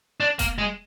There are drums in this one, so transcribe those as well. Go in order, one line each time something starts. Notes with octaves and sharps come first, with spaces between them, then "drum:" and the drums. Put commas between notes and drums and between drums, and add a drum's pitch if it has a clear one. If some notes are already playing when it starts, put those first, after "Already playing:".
D4
A#3, drum: kick F1, hi-hat
G#3